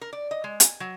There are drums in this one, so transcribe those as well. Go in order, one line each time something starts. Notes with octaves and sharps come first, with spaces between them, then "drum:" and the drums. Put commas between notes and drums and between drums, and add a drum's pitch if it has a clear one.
A#4
D5
D#5
G#3
G#5, drum: hi-hat
F#3